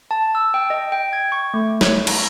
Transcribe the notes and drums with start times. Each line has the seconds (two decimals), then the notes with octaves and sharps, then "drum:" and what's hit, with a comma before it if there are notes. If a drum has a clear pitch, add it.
0.11 A5
0.35 E6
0.54 G5
0.70 D#5
0.92 G5
1.13 G#6
1.32 C#6
1.54 A3
1.81 C#5, drum: snare
2.07 drum: cymbal